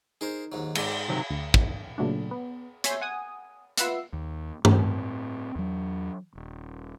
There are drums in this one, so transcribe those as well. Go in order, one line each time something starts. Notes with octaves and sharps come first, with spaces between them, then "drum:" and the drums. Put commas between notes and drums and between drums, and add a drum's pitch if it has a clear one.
D#4 G#4 A#4 C5
D#2 G#2 F#3
G#2 A4 D5, drum: cymbal
C3 D#3 F#3
D2
drum: kick
A#2 C#3 F#3 A3 D4
B3
C#5 E5 G#5 C6 G6, drum: hi-hat
F#5 G#5 D#6
F4 B4 E5 F#5 E6 C7, drum: hi-hat
D#2
A2 C4, drum: tom G2
E2 F#3
D#1